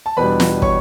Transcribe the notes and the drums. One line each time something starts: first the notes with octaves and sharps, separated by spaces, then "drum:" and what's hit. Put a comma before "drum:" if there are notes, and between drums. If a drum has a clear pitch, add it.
A5
E2 B2 G3 D4 B4 B5
drum: snare
C#5 C#6, drum: kick